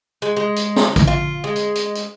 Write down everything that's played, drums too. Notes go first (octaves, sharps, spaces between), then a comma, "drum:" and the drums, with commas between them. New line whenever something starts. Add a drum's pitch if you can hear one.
G#3
G#3
drum: hi-hat
drum: snare
drum: kick, hi-hat
F4
G#3
drum: hi-hat
drum: hi-hat
drum: hi-hat